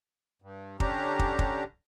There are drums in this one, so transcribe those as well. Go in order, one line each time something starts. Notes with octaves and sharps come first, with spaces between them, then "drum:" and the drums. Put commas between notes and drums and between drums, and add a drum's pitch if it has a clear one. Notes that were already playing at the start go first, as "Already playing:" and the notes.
G2
D3 C#4 D4 G4 A#5, drum: kick
drum: kick
drum: kick